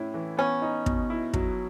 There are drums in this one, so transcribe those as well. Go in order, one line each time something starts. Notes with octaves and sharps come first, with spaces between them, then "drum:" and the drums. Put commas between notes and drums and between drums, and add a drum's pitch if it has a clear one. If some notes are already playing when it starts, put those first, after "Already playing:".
Already playing: A2 C#4 E4
E3
B3 C#4
D#4
B2, drum: kick
E4
F#3, drum: kick